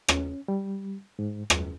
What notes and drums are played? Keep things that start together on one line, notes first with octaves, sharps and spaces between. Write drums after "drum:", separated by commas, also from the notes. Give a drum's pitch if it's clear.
C#4, drum: rim click
G3
G#2
F#2, drum: rim click